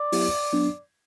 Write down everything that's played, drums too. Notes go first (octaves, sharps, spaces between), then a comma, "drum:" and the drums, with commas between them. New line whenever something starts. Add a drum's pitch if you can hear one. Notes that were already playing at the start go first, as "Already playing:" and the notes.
Already playing: D5
F#3 B3 E4 G4, drum: open hi-hat
F#3 B3 D4